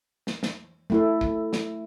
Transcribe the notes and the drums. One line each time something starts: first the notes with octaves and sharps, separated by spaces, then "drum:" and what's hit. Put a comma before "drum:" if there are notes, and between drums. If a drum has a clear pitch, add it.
drum: snare
drum: snare
A3 E4 A4
drum: kick
drum: snare